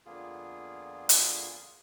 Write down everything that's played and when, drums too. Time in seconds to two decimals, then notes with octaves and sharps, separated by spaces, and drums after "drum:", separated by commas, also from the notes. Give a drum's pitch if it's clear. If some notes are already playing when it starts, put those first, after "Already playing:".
0.06 F2 D3 A#3 B3 F4 G#4
1.09 drum: hi-hat